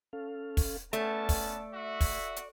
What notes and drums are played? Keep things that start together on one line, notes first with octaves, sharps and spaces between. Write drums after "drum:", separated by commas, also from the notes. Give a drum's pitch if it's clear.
C#4 A4 F5
drum: kick, open hi-hat
A3 B3 C#4 D5 A5, drum: hi-hat
drum: kick, open hi-hat
F#4 E5
drum: kick, open hi-hat
drum: hi-hat